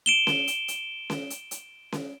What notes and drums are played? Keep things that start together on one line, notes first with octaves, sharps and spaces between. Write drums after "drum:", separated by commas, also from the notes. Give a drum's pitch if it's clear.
D7 E7 G7
drum: snare C#4
drum: hi-hat
drum: hi-hat
drum: snare C#4
drum: hi-hat
drum: hi-hat
drum: snare C#4